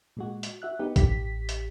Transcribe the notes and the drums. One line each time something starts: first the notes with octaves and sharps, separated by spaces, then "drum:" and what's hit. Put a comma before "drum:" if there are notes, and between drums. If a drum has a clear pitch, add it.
A#2 G#3 F#4
drum: hi-hat
F#4 E5 F#6
B3 D#4 G4
A1 G4 B6, drum: kick, hi-hat
drum: hi-hat